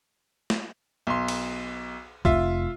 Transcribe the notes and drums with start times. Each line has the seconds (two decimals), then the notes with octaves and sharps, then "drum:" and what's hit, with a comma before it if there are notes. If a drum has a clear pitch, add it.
0.50 drum: snare
1.07 B1 C6
1.28 drum: cymbal
2.25 F1 F4 E5, drum: kick C2